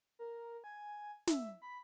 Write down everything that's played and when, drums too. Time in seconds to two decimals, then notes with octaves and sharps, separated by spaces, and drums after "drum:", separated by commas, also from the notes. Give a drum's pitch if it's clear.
0.19 A#4
0.64 G#5
1.27 E5, drum: snare
1.62 B5